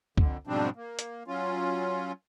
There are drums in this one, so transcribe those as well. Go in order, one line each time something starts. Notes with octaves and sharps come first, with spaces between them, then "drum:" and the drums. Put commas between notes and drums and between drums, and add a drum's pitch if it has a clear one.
F2 D3, drum: kick C#2
G#2 B2 F3 G3 C4 D4
A#3
drum: hi-hat
F#3 C#4 F4